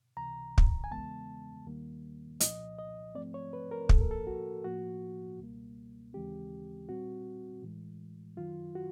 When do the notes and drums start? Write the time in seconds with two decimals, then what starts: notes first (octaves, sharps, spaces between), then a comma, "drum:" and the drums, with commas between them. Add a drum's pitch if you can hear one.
0.17 C#2 C3 E3 A#5
0.58 drum: kick
0.84 G#5
0.91 E2 C#3 E3 G#3 B3 A5
1.66 D#2 D#3 G3 A#3
2.40 C2 A#2 F3 D#5, drum: hi-hat
2.79 D#5
3.15 G#2 F3 A3 C4 D5
3.34 C#5
3.53 B4
3.71 A#4
3.89 A2 F3 A#3 A4, drum: kick
4.01 A#4
4.11 A4
4.27 F#4
4.64 A2 F3 A#3 F#4
5.39 C#2 B2 G3 A#3
6.13 D#2 C#3 E3 G#3 C4 G4
6.89 A#2 G3 C4 F#4
7.62 A2 E3 G#3
8.37 F#2 D#3 F#3 F4
8.75 F#4